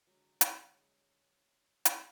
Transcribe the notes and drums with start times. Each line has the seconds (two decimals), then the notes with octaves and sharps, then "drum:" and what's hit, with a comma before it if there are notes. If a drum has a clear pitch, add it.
0.07 D3 F#3 G#3
0.41 drum: hi-hat
1.85 drum: hi-hat